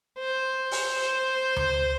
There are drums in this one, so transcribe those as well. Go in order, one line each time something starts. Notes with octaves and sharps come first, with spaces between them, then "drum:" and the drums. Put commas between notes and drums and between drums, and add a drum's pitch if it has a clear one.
C5
drum: open hi-hat
drum: tom D2